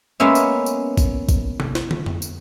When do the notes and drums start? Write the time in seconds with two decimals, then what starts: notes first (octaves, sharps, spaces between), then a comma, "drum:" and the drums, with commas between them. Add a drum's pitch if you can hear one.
0.20 G#3 A#3 B3 C#4 E5
0.35 drum: tambourine
0.66 drum: tambourine
0.97 drum: kick, tambourine
1.29 drum: kick, tambourine
1.60 drum: tom C3
1.75 drum: snare
1.91 drum: tom
2.06 drum: tom F2
2.22 drum: tambourine